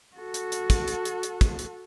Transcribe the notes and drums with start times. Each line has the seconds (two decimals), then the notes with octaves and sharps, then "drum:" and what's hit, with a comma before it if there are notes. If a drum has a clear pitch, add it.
0.16 F#4 A4
0.34 drum: hi-hat
0.52 drum: hi-hat
0.70 drum: kick, hi-hat
0.88 drum: hi-hat
1.05 drum: hi-hat
1.23 drum: hi-hat
1.41 drum: kick, hi-hat
1.59 drum: hi-hat